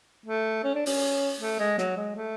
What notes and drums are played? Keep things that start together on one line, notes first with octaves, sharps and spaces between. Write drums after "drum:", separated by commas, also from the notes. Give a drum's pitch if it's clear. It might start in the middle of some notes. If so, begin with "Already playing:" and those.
A3
C#4
D4
C#4, drum: open hi-hat
A3
G#3
F#3, drum: snare
G#3
A3